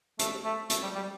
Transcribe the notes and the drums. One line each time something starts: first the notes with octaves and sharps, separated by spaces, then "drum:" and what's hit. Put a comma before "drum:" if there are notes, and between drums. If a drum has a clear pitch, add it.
A3, drum: hi-hat
A3
A3, drum: hi-hat
G3
G3